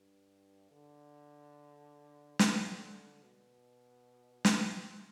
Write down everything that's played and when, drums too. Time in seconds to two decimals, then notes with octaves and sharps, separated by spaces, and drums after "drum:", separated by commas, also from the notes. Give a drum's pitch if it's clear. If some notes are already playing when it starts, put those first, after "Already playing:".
Already playing: G2
0.71 D3
2.39 D3, drum: snare
3.23 B2
4.45 drum: snare